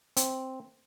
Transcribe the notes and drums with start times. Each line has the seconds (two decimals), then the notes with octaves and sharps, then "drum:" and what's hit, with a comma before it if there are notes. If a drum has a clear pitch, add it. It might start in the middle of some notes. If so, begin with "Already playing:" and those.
0.17 C4, drum: hi-hat